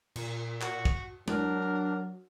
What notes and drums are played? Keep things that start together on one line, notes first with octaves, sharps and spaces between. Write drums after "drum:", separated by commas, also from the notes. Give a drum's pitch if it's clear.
A#2, drum: cymbal
F#4, drum: clap
drum: kick
F#3 D4 A#4, drum: tom G#3